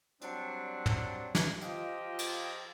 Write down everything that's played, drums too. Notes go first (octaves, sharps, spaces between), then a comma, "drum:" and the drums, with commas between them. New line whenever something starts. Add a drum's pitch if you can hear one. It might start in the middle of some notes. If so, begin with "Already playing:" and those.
F#3 G3 C4 D4, drum: hi-hat
drum: tom
drum: snare
F3 F4 G4 D#5, drum: hi-hat
drum: cymbal